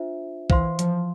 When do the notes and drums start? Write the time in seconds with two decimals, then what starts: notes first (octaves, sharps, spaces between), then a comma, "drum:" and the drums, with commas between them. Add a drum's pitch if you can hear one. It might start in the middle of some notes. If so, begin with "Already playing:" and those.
Already playing: D4 F4 C5 E5
0.50 E3 C5 F5 C6, drum: kick
0.79 F3, drum: hi-hat